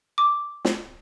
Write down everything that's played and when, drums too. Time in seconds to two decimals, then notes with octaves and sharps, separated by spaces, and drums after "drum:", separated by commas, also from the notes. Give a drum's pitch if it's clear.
0.18 D6
0.65 drum: snare